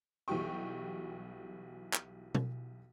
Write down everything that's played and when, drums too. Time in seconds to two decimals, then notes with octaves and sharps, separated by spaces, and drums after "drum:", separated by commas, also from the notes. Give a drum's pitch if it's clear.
0.28 B1 E3 G3 F#4 G5 C#6
1.94 drum: clap
2.35 drum: tom B2